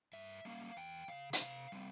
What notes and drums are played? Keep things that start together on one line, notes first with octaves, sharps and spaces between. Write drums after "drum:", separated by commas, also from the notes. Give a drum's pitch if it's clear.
G2 E5
G3 A#3 C#4 F5
E2 G5
C#3 F3 F5
E5, drum: hi-hat
C3 F5
G3 C4